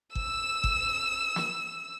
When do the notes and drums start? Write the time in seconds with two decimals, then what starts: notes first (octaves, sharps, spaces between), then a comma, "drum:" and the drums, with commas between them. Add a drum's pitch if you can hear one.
0.15 E6 E7, drum: kick G1
0.64 drum: kick G1
1.36 drum: snare